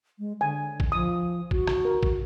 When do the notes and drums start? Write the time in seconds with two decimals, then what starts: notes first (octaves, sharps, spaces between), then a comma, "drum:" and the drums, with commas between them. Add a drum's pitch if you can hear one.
0.19 G#3
0.41 D3 G#5
0.80 drum: kick
0.92 F3 D#6
1.51 F#4, drum: kick
1.67 drum: rim click
1.85 A#4
2.03 drum: kick